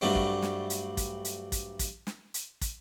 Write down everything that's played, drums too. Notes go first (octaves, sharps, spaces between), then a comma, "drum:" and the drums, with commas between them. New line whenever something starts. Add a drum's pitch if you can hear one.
G2 F#3 G3 A3 C4
drum: kick
drum: snare
drum: hi-hat
drum: kick, hi-hat
drum: hi-hat
drum: kick, hi-hat
drum: kick, hi-hat
drum: snare
drum: hi-hat
drum: kick, hi-hat